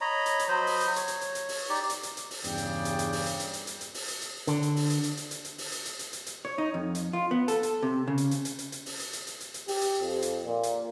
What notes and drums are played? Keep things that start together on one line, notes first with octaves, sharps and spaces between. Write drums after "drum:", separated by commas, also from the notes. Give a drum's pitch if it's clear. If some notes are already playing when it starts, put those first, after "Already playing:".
C#5 D#5 A#5 B5
drum: hi-hat
drum: hi-hat
F#3 C5 D#5 B5
drum: open hi-hat
drum: hi-hat
C#5, drum: hi-hat
drum: hi-hat
drum: hi-hat
drum: hi-hat
drum: open hi-hat
D#4 G4 D5
drum: hi-hat
drum: hi-hat
drum: hi-hat
drum: open hi-hat
E2 G2 C#3 D5 G5, drum: hi-hat
drum: hi-hat
drum: hi-hat
drum: hi-hat
drum: open hi-hat
drum: hi-hat
drum: hi-hat
drum: hi-hat
drum: hi-hat
drum: hi-hat
drum: open hi-hat
drum: hi-hat
drum: hi-hat
D3, drum: hi-hat
drum: hi-hat
drum: open hi-hat
drum: hi-hat
drum: hi-hat
drum: hi-hat
drum: hi-hat
drum: hi-hat
drum: open hi-hat
drum: hi-hat
drum: hi-hat
drum: hi-hat
drum: hi-hat
drum: hi-hat
C#5
D#4
F2
drum: hi-hat
F4
B3
A4, drum: hi-hat
drum: hi-hat
C3
C#3
drum: hi-hat
drum: hi-hat
drum: hi-hat
drum: hi-hat
drum: hi-hat
drum: open hi-hat
drum: hi-hat
drum: hi-hat
drum: hi-hat
drum: hi-hat
drum: hi-hat
G4, drum: open hi-hat
drum: hi-hat
F2
drum: hi-hat
A#2
drum: hi-hat